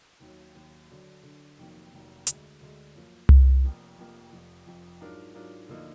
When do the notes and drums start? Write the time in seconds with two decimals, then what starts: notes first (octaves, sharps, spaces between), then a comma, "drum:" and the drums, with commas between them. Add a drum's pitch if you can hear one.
0.20 D#2 D#3 F#3
0.55 D#2 D#3 F#3
0.90 D3 F#3 D4
1.23 D3 F#3 D4
1.58 F1 F2 D#3 F#3 A#3
1.92 F1 F2 D#3 F#3 A#3
2.27 D2 D3 G#3, drum: hi-hat
2.61 D2 D3 G#3
2.95 F#2 F3 A#3
3.29 F#2 F3 A#3, drum: tom C2
3.64 F1 F2 F3 A#3
3.98 F1 F2 F3 A#3
4.32 F1 F2 F3
4.66 F1 F2 F3
5.01 G#2 F#3 D4 F4 A#4
5.35 G#2 F#3 D4 F4 A#4
5.69 D2 D3 F3 A#3 D#4